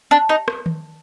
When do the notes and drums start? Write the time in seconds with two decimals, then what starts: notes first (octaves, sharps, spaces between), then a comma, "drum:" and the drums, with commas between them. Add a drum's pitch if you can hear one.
0.11 D4
0.29 D#4
0.48 drum: rim click
0.66 drum: tom D#3